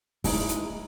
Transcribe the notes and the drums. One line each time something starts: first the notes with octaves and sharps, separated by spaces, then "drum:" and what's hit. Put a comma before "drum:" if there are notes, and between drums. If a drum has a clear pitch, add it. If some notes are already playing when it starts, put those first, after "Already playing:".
G#3 D#4 E4, drum: kick, open hi-hat
drum: hi-hat